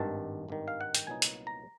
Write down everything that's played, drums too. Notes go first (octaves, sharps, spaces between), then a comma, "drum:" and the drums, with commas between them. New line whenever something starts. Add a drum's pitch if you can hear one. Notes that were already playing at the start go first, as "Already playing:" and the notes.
Already playing: G#1 G2 D#3 A5
G#1 G2 D#3
F5
F#5
G5, drum: hi-hat
C2 A#2 F#3 B3 D#4 G#5
drum: hi-hat
A#5